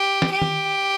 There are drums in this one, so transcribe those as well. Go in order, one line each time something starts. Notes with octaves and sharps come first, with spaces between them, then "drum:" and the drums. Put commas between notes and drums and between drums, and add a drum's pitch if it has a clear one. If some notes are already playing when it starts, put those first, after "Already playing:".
Already playing: G4
drum: snare
G4
drum: tom D#3